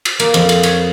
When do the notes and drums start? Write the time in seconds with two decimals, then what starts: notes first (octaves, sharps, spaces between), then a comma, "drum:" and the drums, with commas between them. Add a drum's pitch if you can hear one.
0.05 drum: cymbal
0.20 A#3, drum: cymbal
0.34 F2, drum: cymbal
0.49 drum: cymbal
0.63 C#5, drum: cymbal